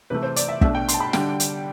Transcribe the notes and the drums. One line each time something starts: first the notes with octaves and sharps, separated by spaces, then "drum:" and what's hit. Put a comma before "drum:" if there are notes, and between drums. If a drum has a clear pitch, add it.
C3 E3 A3 B4
C5
D5, drum: hi-hat
E5
B2 A3 D4 E5, drum: kick
G5
C6, drum: hi-hat
A5
B5
D3 G3 D4 G5, drum: snare
drum: hi-hat